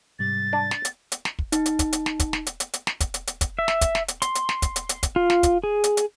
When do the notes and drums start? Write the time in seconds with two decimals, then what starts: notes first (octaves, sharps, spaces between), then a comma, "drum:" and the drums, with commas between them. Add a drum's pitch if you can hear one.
0.19 G#2 C3 G3 A6
0.53 D4
0.71 drum: snare
0.85 drum: hi-hat
1.12 drum: hi-hat
1.25 drum: snare
1.39 drum: kick
1.52 D#4, drum: hi-hat
1.66 drum: hi-hat
1.79 drum: kick, hi-hat
1.93 drum: hi-hat
2.06 drum: snare
2.20 drum: kick, hi-hat
2.33 drum: snare
2.46 drum: hi-hat
2.60 drum: hi-hat
2.73 drum: hi-hat
2.87 drum: snare
3.00 drum: kick, hi-hat
3.14 drum: hi-hat
3.27 drum: hi-hat
3.41 drum: kick, hi-hat
3.59 E5
3.68 drum: snare
3.81 drum: kick, hi-hat
3.95 drum: snare
4.08 drum: hi-hat
4.22 C6, drum: hi-hat
4.35 drum: hi-hat
4.49 drum: snare
4.62 drum: kick, hi-hat
4.76 drum: hi-hat
4.89 drum: hi-hat
5.03 drum: kick, hi-hat
5.16 F4
5.30 drum: snare
5.43 drum: kick, hi-hat
5.64 G#4
5.84 drum: hi-hat
5.97 drum: hi-hat